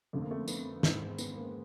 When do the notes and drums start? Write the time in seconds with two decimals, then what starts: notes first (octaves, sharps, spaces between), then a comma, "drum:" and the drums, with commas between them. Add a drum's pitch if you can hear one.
0.13 F2 D3 A3
0.22 A#3
0.31 A3
0.48 B3, drum: tambourine
0.83 G#2 D#3, drum: snare
1.18 B3, drum: tambourine
1.35 A#3